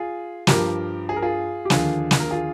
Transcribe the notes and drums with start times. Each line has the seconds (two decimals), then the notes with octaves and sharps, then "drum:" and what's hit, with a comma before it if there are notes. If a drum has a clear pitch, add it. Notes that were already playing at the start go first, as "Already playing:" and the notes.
Already playing: F4 G#4
0.47 G2 F3 G4 A#4, drum: snare
1.09 G#4
1.16 A#4
1.22 F4 G#4
1.65 G4
1.70 D#2 D3 F3 F4 G#4, drum: snare
2.11 drum: snare
2.20 A#4
2.31 F4 G#4